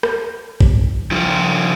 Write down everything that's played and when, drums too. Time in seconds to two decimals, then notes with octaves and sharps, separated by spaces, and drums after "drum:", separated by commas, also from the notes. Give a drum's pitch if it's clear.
0.03 drum: rim click
0.61 drum: kick
1.11 D#3 F3